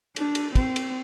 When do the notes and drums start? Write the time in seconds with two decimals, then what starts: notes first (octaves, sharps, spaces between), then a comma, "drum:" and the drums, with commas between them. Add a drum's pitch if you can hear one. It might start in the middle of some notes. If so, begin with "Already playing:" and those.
0.16 D4, drum: cymbal
0.35 drum: cymbal
0.55 C4, drum: kick, cymbal
0.76 drum: cymbal